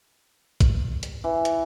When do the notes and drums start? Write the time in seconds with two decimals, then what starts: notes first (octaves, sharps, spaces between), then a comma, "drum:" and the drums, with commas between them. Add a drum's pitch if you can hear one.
0.60 drum: kick A#1, hi-hat
1.03 drum: hi-hat
1.24 E3
1.45 drum: hi-hat